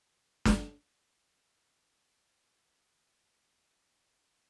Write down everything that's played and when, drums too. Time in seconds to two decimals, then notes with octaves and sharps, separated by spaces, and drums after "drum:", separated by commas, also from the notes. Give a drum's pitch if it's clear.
0.12 A#2 G#5
0.45 drum: snare
0.86 G#5
1.61 B2 G#5
1.80 C3
1.98 D3 G5
2.17 D3
2.36 C#3 F#5
3.11 E3 G5
3.86 D3 F5
4.04 C#3
4.23 C3